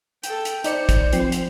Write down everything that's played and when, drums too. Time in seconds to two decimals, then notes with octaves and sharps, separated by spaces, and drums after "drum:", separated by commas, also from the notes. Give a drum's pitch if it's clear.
0.23 A4 G5, drum: hi-hat
0.45 drum: hi-hat
0.64 D#4 C5 D5 C#7, drum: hi-hat
0.89 drum: kick, hi-hat
1.13 F3 C4 C7, drum: hi-hat
1.32 drum: hi-hat